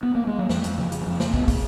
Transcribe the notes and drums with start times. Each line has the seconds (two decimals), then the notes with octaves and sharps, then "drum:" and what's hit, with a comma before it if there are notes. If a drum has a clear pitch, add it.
0.03 B3
0.15 A#3
0.27 G#3
0.38 F#3
0.49 F2 F3, drum: snare
0.64 drum: hi-hat
0.78 C#3 F3
0.92 drum: hi-hat
1.01 F#3
1.06 F2 F3
1.20 drum: snare
1.34 C#3 B3, drum: kick
1.48 drum: kick, open hi-hat